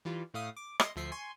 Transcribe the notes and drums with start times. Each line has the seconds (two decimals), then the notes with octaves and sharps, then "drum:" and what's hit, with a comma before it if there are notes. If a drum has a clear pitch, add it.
0.05 E3 G3 F4
0.34 A2 A3 F5 D#6
0.57 D6
0.80 D#5 C6, drum: rim click
0.96 D2 F3 E5 C7
1.12 G#5 C6 C#6